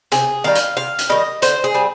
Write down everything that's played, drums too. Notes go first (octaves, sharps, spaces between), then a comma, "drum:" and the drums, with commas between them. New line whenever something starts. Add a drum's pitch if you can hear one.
C3 G#4, drum: hi-hat
D#3 G3 F5
drum: hi-hat
C3 F5
drum: hi-hat
D#3 G3 D#5
D3 C5, drum: hi-hat
G#4
G3 C4